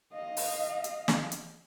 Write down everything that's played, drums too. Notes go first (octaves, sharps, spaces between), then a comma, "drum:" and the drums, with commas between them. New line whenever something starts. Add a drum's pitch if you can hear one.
D#5 F5
drum: open hi-hat
drum: hi-hat
drum: snare
drum: hi-hat